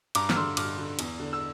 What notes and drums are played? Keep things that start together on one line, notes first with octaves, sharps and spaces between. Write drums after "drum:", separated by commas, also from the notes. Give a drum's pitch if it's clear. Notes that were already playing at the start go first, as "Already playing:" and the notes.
G2 A#5 D6, drum: cymbal
F6, drum: snare
D3 C6 E6
G2 D6 F6, drum: cymbal
D3
E2, drum: cymbal
D3
E6